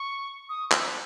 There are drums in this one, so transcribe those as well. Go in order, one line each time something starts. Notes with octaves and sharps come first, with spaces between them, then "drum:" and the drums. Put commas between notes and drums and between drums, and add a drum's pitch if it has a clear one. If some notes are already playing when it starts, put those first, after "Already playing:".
Already playing: C#6
D#6
E6, drum: clap